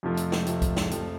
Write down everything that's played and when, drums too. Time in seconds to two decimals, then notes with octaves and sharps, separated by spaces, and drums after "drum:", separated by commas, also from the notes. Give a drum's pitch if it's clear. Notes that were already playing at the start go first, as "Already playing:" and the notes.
0.03 F2 C3 F3 A3
0.17 drum: hi-hat
0.32 drum: snare
0.47 F2 C3 F3 A3, drum: hi-hat
0.62 drum: kick C2, hi-hat
0.77 drum: snare
0.91 F2 C3 F3 A3, drum: hi-hat